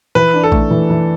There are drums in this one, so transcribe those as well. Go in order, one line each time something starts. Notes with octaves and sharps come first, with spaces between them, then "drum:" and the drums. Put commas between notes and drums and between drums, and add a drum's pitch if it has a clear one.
E3 B4
D4
A4
A3, drum: kick A#1
E3
E3